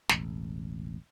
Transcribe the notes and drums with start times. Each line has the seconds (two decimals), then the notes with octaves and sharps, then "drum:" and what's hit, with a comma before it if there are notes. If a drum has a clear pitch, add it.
0.09 E1 A1, drum: snare